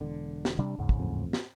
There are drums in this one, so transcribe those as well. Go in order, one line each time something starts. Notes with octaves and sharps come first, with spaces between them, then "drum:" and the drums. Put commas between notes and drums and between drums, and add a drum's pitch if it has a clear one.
E1 D3
drum: snare
C3 G3 D4
D#2 G#2 C#3
drum: kick
A1 F2
drum: snare